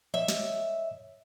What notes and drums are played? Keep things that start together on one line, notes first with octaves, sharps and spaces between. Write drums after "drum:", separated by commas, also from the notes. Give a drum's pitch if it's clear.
C#5 D#5 E5, drum: tom E3
drum: snare